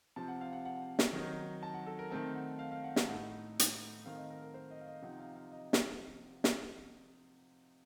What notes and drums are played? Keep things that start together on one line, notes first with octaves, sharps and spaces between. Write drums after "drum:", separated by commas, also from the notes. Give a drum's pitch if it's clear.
C3 F3 C4 A5
F#5
F5
F#5
F#5
drum: snare
D#3 F#3 C4 D#4
A5
F#5
A4
A#4
D#3 A3 C4 D#4 A5
F#5
F5
F5
F#5
A5, drum: snare
A2 A3 D#4 F#5
drum: hi-hat
D#3 A3 C4 F5
D#5
A#4
A#4
C5
D#5
F5
D#5
C3 F3 C4 D#4 F#5
F5
F5
D#5
drum: snare
drum: snare